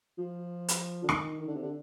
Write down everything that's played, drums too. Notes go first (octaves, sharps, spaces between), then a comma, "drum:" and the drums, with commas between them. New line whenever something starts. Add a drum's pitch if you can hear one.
F3
drum: hi-hat
D3
D#3, drum: rim click
D#3
D3
C3
D3